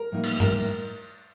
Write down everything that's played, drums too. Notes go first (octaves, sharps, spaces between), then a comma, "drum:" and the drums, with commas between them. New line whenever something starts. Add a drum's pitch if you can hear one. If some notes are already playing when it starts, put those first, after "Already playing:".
Already playing: A#4
A2 G3 A#3 D#4
drum: cymbal
A2 G3 A#3 D#4 A#4, drum: tom G2